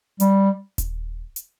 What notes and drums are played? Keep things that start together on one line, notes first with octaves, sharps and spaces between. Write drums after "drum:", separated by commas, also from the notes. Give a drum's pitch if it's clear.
G3, drum: hi-hat
drum: kick D#1, hi-hat
drum: hi-hat